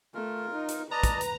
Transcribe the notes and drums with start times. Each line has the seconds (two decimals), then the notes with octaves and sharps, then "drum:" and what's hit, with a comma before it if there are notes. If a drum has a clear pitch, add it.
0.14 A3 F4 A#4
0.51 D#4
0.69 drum: hi-hat
0.91 B4 D5 D#5 A5 A#5
1.03 drum: kick, hi-hat
1.21 drum: hi-hat